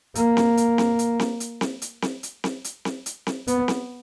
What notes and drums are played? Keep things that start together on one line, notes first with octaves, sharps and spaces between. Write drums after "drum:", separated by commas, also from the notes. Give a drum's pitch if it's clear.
A#3, drum: hi-hat
drum: snare C4
drum: hi-hat
drum: snare C4
drum: hi-hat
drum: snare C4
drum: hi-hat
drum: snare C4
drum: hi-hat
drum: snare C4
drum: hi-hat
drum: snare C4
drum: hi-hat
drum: snare C4
drum: hi-hat
drum: snare C4
B3, drum: hi-hat
drum: snare C4